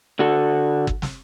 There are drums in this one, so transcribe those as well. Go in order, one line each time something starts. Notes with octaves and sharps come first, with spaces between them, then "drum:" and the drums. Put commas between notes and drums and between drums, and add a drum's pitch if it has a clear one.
D3 F#4 A4
drum: kick G1
drum: snare